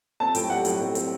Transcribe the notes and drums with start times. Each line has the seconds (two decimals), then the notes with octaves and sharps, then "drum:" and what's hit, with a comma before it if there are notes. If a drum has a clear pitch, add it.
0.20 C4 A5
0.35 A2 G5, drum: hi-hat
0.50 G3 F#5
0.65 A2, drum: hi-hat
0.81 C4
0.95 C4, drum: hi-hat